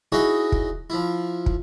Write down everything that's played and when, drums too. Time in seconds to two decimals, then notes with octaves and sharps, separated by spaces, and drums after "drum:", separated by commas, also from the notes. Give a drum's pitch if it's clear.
0.12 D#4 E4 F#4 G#4 C#5 D#5
0.52 drum: kick
0.90 F3 E4
1.46 drum: kick